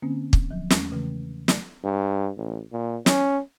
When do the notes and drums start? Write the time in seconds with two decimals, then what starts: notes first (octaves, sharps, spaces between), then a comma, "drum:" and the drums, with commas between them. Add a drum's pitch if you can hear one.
0.02 D3 A#3 C4 C#4
0.33 drum: kick
0.51 F3 F#3
0.70 E2 G#3 A3 C#4 C#6, drum: snare
0.92 C#3 E3 A3
1.48 A3 D5, drum: snare
1.84 G2
2.37 A1
2.72 A#2
3.06 C#4, drum: snare